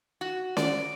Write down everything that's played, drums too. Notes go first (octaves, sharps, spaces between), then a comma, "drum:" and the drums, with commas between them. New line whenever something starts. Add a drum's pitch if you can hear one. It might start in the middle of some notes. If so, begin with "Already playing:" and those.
F#4
D5, drum: snare C#4